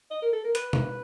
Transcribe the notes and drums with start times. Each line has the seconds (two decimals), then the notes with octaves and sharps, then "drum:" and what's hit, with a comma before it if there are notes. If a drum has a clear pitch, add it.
0.11 D#5
0.22 A#4
0.33 A4
0.44 A#4
0.55 B4, drum: hi-hat
0.73 drum: tom B2